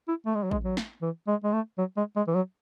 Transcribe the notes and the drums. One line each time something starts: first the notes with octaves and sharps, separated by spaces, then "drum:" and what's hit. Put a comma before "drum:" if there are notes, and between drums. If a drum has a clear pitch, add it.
E4
A3
G#3
F#3
G#3, drum: kick A1
F#3
drum: snare
E3
G#3
G#3
A3
F#3
G#3
G#3
E3
F#3